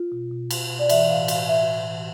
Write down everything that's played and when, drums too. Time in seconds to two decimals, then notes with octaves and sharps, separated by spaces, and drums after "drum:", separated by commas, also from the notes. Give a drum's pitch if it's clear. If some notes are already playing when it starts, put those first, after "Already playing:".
Already playing: F4
0.12 B2
0.32 B2
0.51 B2, drum: cymbal
0.71 B2
0.79 D5
0.89 E3 E5, drum: cymbal
1.09 A2 F5
1.28 A2 F5, drum: cymbal
1.48 A2 E5
1.68 A2
1.87 E3